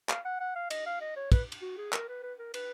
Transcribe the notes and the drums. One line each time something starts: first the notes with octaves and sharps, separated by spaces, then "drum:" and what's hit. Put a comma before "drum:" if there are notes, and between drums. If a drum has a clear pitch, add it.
F5, drum: clap
F#5
F#5
F5
D#5, drum: cymbal
F5
D#5
C#5
B4, drum: kick, cymbal
drum: cymbal
F#4
G#4
A#4, drum: clap
B4
B4
A#4
B4, drum: cymbal